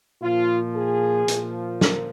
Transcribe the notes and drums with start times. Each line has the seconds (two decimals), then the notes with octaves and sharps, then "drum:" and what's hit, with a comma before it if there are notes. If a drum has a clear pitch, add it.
0.22 A#2 F3 F4
0.76 G#4
1.28 A#2 F3, drum: hi-hat
1.81 A#4, drum: snare